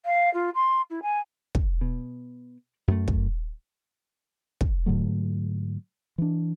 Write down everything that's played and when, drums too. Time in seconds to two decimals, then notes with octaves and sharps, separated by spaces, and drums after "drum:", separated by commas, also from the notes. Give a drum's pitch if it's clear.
0.05 F5
0.33 F4
0.54 C6
0.90 E4
1.02 G#5
1.55 drum: kick
1.81 B2
2.88 F#2 A3
3.08 drum: kick
4.61 drum: kick
4.86 G#2 D3 F#3 A3
6.18 E3 D4